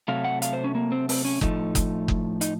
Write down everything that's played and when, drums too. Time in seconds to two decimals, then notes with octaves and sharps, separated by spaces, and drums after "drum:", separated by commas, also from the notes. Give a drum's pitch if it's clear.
0.08 C3 F#3 A3 F5
0.25 F#5
0.42 F5, drum: hi-hat
0.53 C5
0.64 C#4
0.75 A#3
0.92 C4
1.09 C4, drum: open hi-hat
1.25 C#4
1.41 A2 F3 A3 D#4, drum: kick F#1
1.75 drum: kick F#1, hi-hat
2.08 drum: kick F#1
2.41 D#4, drum: hi-hat